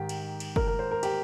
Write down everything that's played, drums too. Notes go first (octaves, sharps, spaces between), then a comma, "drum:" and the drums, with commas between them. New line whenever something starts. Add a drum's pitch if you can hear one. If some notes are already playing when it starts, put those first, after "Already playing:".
Already playing: G#2 D#3 G4
drum: cymbal
drum: cymbal
A#4, drum: kick
A#4
C5
A#4
G4, drum: cymbal